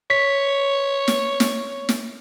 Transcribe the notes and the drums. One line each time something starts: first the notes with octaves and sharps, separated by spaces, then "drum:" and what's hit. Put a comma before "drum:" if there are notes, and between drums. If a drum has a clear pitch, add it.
C#5 B6
drum: snare
drum: snare
drum: snare